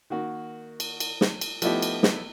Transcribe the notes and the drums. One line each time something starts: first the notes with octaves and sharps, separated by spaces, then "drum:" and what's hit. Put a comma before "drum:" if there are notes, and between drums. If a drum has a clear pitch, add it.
D#3 A#3 F#4
drum: cymbal
drum: cymbal
drum: snare
drum: cymbal
F3 A3 B3 D#4 E4 G4, drum: cymbal
drum: cymbal
drum: snare